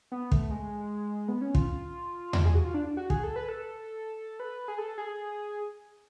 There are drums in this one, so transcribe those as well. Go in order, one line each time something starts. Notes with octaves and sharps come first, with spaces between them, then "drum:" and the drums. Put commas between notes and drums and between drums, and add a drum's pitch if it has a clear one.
B3
A3, drum: kick
G#3
B3
C#4
F4, drum: kick
drum: tom E2
G#4
F#4
F4
D4
F#4
G#4, drum: kick
A4
B4
A4
B4
G#4
A4
G#4